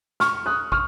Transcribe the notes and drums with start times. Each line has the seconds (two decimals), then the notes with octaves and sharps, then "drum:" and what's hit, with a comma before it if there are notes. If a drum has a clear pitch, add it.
0.20 C#6 F6, drum: snare
0.46 D#6 F#6
0.72 C#6 F6, drum: kick